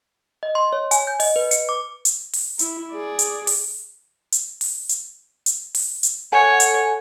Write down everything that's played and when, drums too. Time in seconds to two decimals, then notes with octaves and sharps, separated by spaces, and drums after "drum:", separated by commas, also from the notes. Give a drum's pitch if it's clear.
0.43 D#5
0.55 C6
0.73 C#5
0.91 G#5, drum: hi-hat
1.07 G6
1.20 D#5, drum: open hi-hat
1.36 B4
1.51 C#7, drum: hi-hat
1.69 D6
2.05 drum: hi-hat
2.33 drum: open hi-hat
2.59 E4, drum: hi-hat
2.93 G#4 D5
3.19 drum: hi-hat
3.47 drum: open hi-hat
4.32 drum: hi-hat
4.61 drum: open hi-hat
4.89 drum: hi-hat
5.46 drum: hi-hat
5.75 drum: open hi-hat
6.03 drum: hi-hat
6.32 A4 C#5 F#5 G#5
6.60 drum: hi-hat